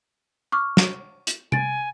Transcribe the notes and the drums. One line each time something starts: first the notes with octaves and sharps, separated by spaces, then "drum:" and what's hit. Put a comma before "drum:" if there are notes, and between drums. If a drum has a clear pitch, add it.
C#6 D6 F6
drum: snare
drum: hi-hat
G#5 A6 D7, drum: tom